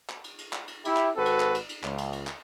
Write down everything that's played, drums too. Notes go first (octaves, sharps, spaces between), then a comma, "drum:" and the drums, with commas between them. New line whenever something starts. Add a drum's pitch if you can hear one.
drum: clap
drum: cymbal
drum: cymbal
drum: clap
drum: cymbal
E4 G4, drum: cymbal
drum: clap
G#1 C4 F#4 A4 B4
drum: cymbal
drum: clap
drum: cymbal
drum: cymbal
C#2, drum: clap
drum: cymbal
drum: cymbal
drum: clap